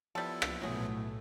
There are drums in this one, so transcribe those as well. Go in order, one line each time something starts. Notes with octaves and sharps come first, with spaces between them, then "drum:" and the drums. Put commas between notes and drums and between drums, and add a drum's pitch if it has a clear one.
F3 G3 B3 E4 A4
drum: rim click
B1 A2 F#3 A3 G#4